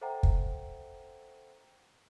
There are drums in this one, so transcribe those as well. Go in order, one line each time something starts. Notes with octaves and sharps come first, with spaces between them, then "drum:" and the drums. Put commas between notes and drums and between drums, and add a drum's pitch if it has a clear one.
A4 C5 E5 F#5 G5 A#5
drum: kick